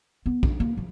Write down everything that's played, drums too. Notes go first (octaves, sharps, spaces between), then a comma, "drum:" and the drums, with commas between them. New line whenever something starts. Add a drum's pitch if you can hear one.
B3
D4, drum: kick A#1
A#3
F3